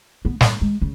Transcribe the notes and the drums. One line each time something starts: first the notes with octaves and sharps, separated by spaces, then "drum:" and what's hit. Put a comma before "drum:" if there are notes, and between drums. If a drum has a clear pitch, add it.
B3
G2, drum: snare
G#3
C#3